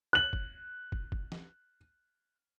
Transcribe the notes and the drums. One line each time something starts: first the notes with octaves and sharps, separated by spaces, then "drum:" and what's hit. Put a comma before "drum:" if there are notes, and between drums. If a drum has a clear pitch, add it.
F#6 F#7
drum: kick
drum: kick
drum: kick
drum: snare